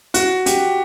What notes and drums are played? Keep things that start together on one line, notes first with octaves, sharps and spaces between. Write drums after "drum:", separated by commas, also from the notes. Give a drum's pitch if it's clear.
F#4, drum: hi-hat
G4, drum: hi-hat